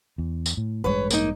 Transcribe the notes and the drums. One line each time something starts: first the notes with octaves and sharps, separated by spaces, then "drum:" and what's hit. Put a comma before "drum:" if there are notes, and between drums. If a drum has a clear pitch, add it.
E2
drum: tambourine
A2
A1 G2 G#3 B4 C#5
A#3 D#4, drum: tambourine